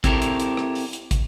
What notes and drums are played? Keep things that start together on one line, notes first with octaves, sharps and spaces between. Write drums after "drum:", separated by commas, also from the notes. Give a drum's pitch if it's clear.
C4 E4 G4 A4 A#4, drum: kick, hi-hat
drum: hi-hat
drum: hi-hat
drum: rim click
drum: open hi-hat
drum: hi-hat
drum: kick, hi-hat